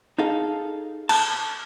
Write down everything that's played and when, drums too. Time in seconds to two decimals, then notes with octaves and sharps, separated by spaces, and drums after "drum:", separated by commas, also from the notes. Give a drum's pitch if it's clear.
0.18 D#4 G#4 A4 F5
1.09 A5, drum: cymbal